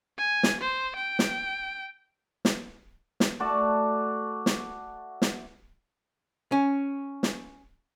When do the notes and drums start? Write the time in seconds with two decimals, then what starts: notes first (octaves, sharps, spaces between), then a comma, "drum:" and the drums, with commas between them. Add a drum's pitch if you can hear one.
0.18 G#5
0.43 drum: snare
0.61 C5
0.96 G5
1.19 drum: snare
2.45 drum: snare
3.20 drum: snare
3.40 A3 F#4 D5 A5
4.46 drum: snare
5.22 drum: snare
6.52 C#4
7.23 drum: snare